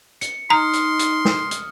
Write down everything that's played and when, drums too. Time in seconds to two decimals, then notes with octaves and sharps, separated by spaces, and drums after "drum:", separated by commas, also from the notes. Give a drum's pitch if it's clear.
0.21 C#7, drum: hi-hat
0.50 D#4 A#5 C6 D#6 F6
0.73 drum: hi-hat
0.99 drum: hi-hat
1.25 drum: snare
1.51 drum: hi-hat